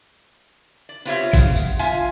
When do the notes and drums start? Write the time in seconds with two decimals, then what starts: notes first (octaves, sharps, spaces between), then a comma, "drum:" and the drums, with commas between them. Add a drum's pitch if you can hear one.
0.89 D5
1.05 B3 C4 F4 G4 C#5 E5, drum: tambourine
1.33 B3 F5, drum: kick G#1, tambourine
1.56 drum: tambourine
1.79 F4 E5 F5 G#5, drum: tambourine